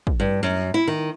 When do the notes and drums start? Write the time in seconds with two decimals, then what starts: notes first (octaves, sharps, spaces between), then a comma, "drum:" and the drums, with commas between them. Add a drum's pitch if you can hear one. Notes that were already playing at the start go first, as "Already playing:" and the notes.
0.07 drum: kick
0.20 G2
0.43 F#2
0.74 E4
0.87 D#3